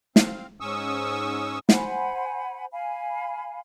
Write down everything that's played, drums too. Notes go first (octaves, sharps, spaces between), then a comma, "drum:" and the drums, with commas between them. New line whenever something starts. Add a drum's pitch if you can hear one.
C4 F5, drum: snare
G#2 C#4 C#6 D#6 E6
C5 F#5 G#5 B5, drum: snare
F5 G#5 B5